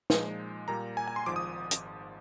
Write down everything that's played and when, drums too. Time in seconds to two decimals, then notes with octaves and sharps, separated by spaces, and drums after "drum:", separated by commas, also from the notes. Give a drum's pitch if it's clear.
0.10 A#2 F3 G#3 D#4, drum: snare
0.68 A#2 G3 A#3 A#5
0.97 G#5
1.08 G#5
1.16 C6
1.26 G#1 G#2 F3 D6
1.36 D#6
1.71 drum: hi-hat